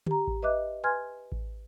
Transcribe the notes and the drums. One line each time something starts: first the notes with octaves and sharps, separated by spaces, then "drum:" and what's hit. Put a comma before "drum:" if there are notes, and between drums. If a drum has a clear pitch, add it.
G4 A#5, drum: tom D3
drum: kick A1
B4 D#5 E5 D6 F#6
B4 G#5 C6 F6 G#6
drum: kick A1